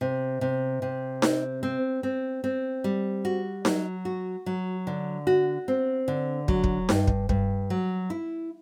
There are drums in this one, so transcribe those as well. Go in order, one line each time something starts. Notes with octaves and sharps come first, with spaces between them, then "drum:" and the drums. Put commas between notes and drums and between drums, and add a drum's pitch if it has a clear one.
C3
C3
C3
C4, drum: snare D#4
C4
C4
C4
G3
F#4
F#3, drum: snare D#4
F#4
F#3
D3
F#4
C4
D3
F#3, drum: kick
drum: kick
G2, drum: snare D#4
drum: kick
G2, drum: kick
F#3
E4